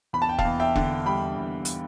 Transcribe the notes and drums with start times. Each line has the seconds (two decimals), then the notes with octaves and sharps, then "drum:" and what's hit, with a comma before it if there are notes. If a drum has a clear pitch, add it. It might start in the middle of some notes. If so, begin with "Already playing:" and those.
0.13 E2 B5
0.22 A5
0.29 G5
0.39 F5 A5, drum: kick E1
0.45 E2
0.60 E5 G5
0.76 D3, drum: kick E1
1.06 G3 G5 B5
1.38 E2
1.65 drum: hi-hat